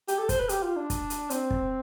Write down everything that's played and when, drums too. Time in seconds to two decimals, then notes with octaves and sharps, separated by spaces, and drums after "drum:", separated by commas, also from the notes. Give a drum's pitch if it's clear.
0.08 G4, drum: hi-hat
0.19 A4
0.29 C5, drum: kick, hi-hat
0.40 B4
0.49 G4, drum: hi-hat
0.63 F4
0.76 D4
0.90 drum: kick, hi-hat
1.10 drum: hi-hat
1.30 C4, drum: hi-hat
1.51 drum: kick